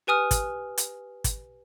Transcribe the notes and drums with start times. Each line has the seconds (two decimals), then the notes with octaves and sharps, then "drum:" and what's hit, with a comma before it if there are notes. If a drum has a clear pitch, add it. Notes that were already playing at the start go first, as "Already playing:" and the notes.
0.07 G4 B4 G#5 D#6 F6
0.31 drum: kick, hi-hat
0.78 drum: hi-hat
1.24 drum: kick, hi-hat